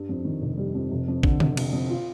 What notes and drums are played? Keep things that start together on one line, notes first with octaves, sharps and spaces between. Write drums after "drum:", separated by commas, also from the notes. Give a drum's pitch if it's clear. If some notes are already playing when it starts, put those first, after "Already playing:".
Already playing: G2 G3
F2
D#3
F1
G3
F2
F1
F2
D3, drum: kick
F1, drum: tom D3
F1, drum: cymbal
F2
F4